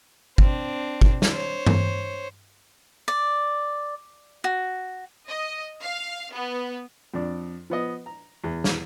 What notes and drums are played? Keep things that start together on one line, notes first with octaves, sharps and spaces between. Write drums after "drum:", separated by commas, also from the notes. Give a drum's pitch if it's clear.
C4 D4, drum: kick G1
drum: kick G1
drum: snare
C5 C#5
drum: tom G2
D5
F#4
D#5
F5
B3
F2 D4
F3 B3 D#5
A#5
E2
drum: snare